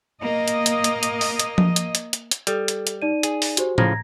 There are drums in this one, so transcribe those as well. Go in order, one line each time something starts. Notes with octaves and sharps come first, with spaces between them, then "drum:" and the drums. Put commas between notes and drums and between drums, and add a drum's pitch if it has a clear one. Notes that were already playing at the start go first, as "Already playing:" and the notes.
A#3 D#5
drum: hi-hat
drum: hi-hat
drum: hi-hat
drum: hi-hat
drum: open hi-hat
drum: hi-hat
drum: tom F3
drum: hi-hat
drum: hi-hat
drum: hi-hat
drum: hi-hat
G3 A4, drum: hi-hat
drum: hi-hat
drum: hi-hat
D#4 D5 D#7
G#4, drum: hi-hat
drum: open hi-hat
F#4 G4 C5, drum: hi-hat
A2 C#3 F3 A#5 G#6 A#6, drum: tom A2